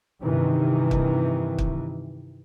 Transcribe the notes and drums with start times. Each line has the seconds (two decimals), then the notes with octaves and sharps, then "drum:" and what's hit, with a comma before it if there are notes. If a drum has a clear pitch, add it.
0.24 G2 C3 D#3 E3
0.91 drum: kick
1.59 drum: kick